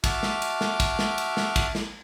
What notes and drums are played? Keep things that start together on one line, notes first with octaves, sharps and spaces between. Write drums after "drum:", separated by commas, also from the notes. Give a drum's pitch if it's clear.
F#4 E5 A5 D6 F6, drum: kick, cymbal
drum: snare
drum: cymbal
drum: snare
drum: kick, cymbal
drum: snare
drum: cymbal
drum: snare
drum: kick, cymbal
drum: snare